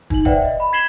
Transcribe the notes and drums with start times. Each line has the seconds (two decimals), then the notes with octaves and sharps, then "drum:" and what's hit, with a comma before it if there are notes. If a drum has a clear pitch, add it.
0.10 D#4 F#7, drum: kick
0.25 B4 C5 D5 E5 F#5 G5, drum: kick
0.45 D#5
0.60 B5
0.73 G#6 B6 C7 E7 F#7 G7